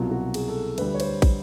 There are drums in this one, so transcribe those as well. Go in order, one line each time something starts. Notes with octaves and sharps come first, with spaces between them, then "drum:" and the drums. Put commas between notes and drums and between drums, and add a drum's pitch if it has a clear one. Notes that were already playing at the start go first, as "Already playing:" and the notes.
Already playing: C2 B2 F#3 F4
F#4
G#4, drum: cymbal
A4
D2 D3 G3 B4, drum: cymbal
C#5
C5, drum: cymbal
drum: kick, cymbal